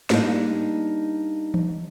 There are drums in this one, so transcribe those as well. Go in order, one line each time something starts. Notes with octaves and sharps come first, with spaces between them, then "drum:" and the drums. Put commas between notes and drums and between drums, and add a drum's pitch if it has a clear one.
G3 A#3 D4 D#4, drum: snare
drum: tom E3